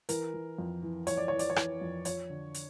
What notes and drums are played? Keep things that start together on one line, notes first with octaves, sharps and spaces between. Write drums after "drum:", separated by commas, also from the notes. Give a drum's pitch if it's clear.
E3 A#4, drum: hi-hat
E3
F2
E3
E3 C#5, drum: hi-hat
D5
E3 C#5
D5, drum: hi-hat
C#5
E3, drum: rim click
F2
F3 C#5, drum: hi-hat
D3
drum: hi-hat